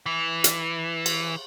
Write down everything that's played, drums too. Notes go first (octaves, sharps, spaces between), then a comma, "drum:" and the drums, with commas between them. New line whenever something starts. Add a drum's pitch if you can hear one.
E3
drum: hi-hat
drum: cymbal